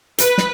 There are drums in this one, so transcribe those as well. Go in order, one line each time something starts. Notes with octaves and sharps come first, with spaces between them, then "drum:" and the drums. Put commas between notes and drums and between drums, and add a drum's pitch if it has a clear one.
B4, drum: hi-hat
drum: snare